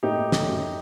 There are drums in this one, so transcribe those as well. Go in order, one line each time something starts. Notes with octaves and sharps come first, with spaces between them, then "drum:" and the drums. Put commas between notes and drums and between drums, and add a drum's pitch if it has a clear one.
A2 D#4 G4
A2
A2, drum: snare
F#2